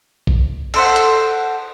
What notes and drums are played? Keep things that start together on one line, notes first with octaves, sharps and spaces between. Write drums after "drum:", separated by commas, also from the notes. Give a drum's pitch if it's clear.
drum: kick
A4 C5 F#5, drum: cymbal
drum: hi-hat